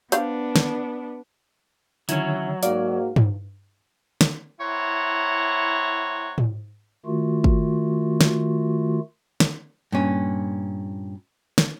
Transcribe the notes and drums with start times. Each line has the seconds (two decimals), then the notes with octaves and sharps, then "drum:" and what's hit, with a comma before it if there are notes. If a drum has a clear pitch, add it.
0.12 B3 D4 C5 D5 F5, drum: hi-hat
0.56 drum: snare
2.09 D3 D#3 F#3 C#4 E4, drum: hi-hat
2.63 G#2 A#3 F#4 D5 F5, drum: hi-hat
3.16 drum: tom G2
4.21 drum: snare
4.60 A2 E4 C5 C#5 F#5 A#5
6.38 drum: tom G#2
7.06 D#3 A3 F4 F#4
7.44 drum: kick
8.21 drum: snare
9.40 drum: snare
9.92 G2 A#2 C#4
11.58 drum: snare